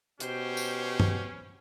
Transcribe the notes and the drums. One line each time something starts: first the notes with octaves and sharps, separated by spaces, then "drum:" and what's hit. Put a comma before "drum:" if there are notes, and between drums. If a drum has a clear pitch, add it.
B2 C#4 G4 C5 G5, drum: hi-hat
drum: tambourine
drum: tom